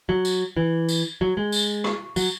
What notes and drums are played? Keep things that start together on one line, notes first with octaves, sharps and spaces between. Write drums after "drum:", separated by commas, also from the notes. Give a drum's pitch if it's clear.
F#3
drum: tambourine
E3
drum: tambourine
F#3
G#3
drum: tambourine
drum: rim click
F#3, drum: tambourine